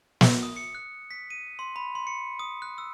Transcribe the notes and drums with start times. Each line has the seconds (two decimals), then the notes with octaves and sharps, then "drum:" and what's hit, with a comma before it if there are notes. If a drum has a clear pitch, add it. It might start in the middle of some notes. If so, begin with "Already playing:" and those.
0.21 drum: snare
0.43 D#6
0.56 C#7
0.75 F#6
1.11 B6
1.30 D#7
1.59 C6
1.76 B5
1.95 C6
2.07 C#7
2.39 D#6
2.62 F#6
2.78 E6